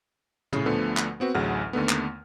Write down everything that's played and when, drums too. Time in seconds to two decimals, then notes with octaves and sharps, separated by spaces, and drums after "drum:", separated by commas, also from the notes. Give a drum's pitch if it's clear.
0.53 A2 C#3, drum: tom
0.66 D2 D3 F3 A3 B3
0.97 drum: clap
1.20 B3 C4 F#4 B4
1.35 A1 D2 F#3 G#4 F#5 F6
1.73 D#2 D3 A3 B3
1.89 drum: clap